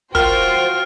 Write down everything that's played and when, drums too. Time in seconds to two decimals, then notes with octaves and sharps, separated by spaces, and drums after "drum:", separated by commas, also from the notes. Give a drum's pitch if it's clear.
0.15 F4 F#4 A#4 C5 G5 F6, drum: kick